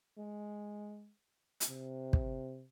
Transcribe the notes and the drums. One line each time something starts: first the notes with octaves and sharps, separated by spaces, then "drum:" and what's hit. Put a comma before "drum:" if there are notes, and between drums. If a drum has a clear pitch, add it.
G#3
drum: hi-hat
C3
drum: kick